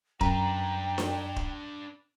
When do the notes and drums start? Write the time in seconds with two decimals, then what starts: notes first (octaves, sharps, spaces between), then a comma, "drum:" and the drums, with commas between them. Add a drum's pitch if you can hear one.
0.21 F#2 D4 B4 G5 A#5, drum: kick
0.98 drum: snare D4
1.36 drum: kick